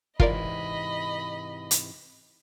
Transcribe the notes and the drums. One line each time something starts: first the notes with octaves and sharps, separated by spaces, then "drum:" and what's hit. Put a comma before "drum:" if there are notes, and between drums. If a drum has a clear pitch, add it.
G#2 C3 E3 F4 A#4 D5 D#5 B5, drum: kick
drum: hi-hat